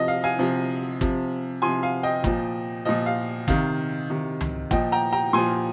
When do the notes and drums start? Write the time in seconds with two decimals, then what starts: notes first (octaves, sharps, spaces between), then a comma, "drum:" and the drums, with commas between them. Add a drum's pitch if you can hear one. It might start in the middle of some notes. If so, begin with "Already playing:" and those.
Already playing: C3 F3 D#5
0.08 F5
0.24 F5 G#5
0.39 C3 F3
1.01 C3 F3, drum: kick
1.62 C3 F3 G#5 C6
1.83 F5 G#5
2.03 D#5 G5
2.24 A#2 F3, drum: kick
2.85 A#2 F3 D#5
3.06 F5
3.48 C3 D#3 F5, drum: kick
4.10 C3 D#3
4.41 drum: tom C#2
4.71 A#2 F3 D#5 G5, drum: kick
4.92 G5 A#5
5.13 G5 A#5
5.33 A#2 F3 G#5 C6